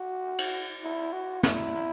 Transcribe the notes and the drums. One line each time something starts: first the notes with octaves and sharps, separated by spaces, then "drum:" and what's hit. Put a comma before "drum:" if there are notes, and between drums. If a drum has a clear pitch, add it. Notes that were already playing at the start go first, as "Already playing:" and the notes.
Already playing: F#4
drum: cymbal
E4
F#4
E4, drum: snare